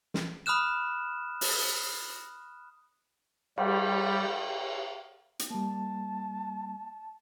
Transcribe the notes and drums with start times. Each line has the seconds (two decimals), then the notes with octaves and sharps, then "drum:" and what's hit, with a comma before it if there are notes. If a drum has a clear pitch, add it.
0.14 drum: snare
0.46 B5 D#6 F6 F#6 E7
1.41 drum: open hi-hat
3.58 G3, drum: cymbal
5.39 drum: hi-hat
5.50 G3 A#3 A5